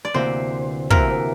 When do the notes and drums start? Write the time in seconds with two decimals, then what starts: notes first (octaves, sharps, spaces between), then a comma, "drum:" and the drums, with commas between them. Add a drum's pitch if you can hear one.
0.05 D5
0.14 D2 C3 E3 A#3 C5
0.90 D2 C3 E3 A#3 A#4, drum: kick